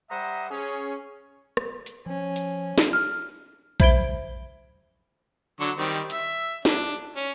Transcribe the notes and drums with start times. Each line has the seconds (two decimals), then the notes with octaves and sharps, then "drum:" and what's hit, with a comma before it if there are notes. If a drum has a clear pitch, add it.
0.10 G3 C5 E5 F#5 A#5 D#6
0.51 C#4 G#4
1.57 drum: rim click
1.86 drum: hi-hat
2.06 F3 C#4
2.36 drum: hi-hat
2.78 drum: snare
2.93 F6
3.80 C5 E5 B5 G#6 D7 G7, drum: kick A#1
5.60 D3 F#3 C#6
5.77 D#3 G3 C4
6.10 E5, drum: hi-hat
6.65 D4, drum: snare
7.16 C#4